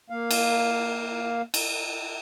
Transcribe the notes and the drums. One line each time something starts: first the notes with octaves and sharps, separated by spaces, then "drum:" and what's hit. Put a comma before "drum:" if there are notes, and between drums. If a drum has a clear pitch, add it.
A#3 F5
drum: cymbal
drum: cymbal